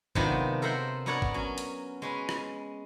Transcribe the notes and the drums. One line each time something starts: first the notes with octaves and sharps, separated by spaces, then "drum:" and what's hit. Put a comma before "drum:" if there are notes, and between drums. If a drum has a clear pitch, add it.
C3 D#3 F#3 B3 D4 F4, drum: kick G#1
A4 A#4 C5 E5 F#5 G5
B3 D4 A#4 C#5 D5 F#5
drum: kick G#1
F#3 C#4
drum: hi-hat
G#3 C#4 B4
drum: rim click